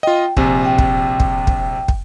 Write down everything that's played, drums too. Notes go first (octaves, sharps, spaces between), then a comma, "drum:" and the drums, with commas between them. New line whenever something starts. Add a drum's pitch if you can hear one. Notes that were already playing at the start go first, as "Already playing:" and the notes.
F4 D#5 G5
A#1 C3 G#5, drum: kick
G5
drum: kick
drum: kick
drum: kick
drum: kick